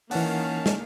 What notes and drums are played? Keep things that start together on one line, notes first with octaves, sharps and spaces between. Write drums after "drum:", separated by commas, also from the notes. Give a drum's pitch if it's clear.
D#3 E3 A#3 C#4 F5 F#5 A5, drum: open hi-hat
drum: snare